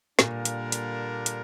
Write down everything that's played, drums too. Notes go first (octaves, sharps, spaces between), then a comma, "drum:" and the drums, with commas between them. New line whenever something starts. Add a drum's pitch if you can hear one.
A#2 D3 G3 A#3 D4 A#4, drum: snare
drum: hi-hat
drum: hi-hat
drum: hi-hat